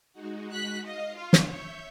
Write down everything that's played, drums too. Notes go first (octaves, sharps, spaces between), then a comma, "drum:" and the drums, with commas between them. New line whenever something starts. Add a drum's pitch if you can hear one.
G#3 D#4 F#4
F#6 B6
D#5 F5
F4
drum: snare
C#5 E5 G6